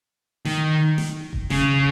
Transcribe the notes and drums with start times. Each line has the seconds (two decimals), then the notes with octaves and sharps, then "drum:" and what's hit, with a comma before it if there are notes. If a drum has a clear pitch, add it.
0.45 D#3, drum: snare
0.98 drum: snare
1.33 drum: kick F#1
1.50 C#3, drum: snare